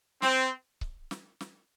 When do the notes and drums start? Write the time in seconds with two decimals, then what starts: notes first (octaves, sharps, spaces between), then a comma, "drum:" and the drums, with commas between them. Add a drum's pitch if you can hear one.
0.22 C4, drum: snare
0.81 drum: kick C#1
1.11 drum: snare
1.41 drum: snare